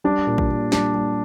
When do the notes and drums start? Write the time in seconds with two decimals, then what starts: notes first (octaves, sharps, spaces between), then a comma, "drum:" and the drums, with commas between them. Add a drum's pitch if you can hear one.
0.04 G3 D4
0.27 A#2
0.38 drum: kick A1
0.50 A#2
0.72 G3 D4, drum: snare
0.95 G3